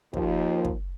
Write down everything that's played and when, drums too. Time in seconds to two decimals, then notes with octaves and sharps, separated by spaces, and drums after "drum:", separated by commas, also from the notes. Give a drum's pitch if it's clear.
0.13 D#2 F3, drum: kick
0.65 drum: kick